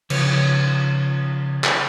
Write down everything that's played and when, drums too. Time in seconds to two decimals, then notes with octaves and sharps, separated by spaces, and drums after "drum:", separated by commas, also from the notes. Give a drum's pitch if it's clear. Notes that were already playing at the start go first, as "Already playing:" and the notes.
0.10 C#3 F3 B4 C#5, drum: cymbal
1.64 drum: clap